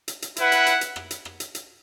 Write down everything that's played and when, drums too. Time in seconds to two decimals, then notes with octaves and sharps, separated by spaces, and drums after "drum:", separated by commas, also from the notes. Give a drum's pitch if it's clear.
0.08 drum: hi-hat
0.22 drum: hi-hat
0.36 E4 B4 F#5, drum: hi-hat
0.52 drum: hi-hat
0.66 drum: hi-hat
0.81 drum: hi-hat
0.96 drum: rim click
1.11 drum: hi-hat
1.25 drum: rim click
1.40 drum: hi-hat
1.55 drum: hi-hat